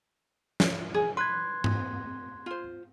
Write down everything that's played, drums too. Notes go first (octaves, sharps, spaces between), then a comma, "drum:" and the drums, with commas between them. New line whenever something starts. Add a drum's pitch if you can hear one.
drum: snare
G#4
B4 C6 F#6 G#6
drum: tom G#2
F4 C5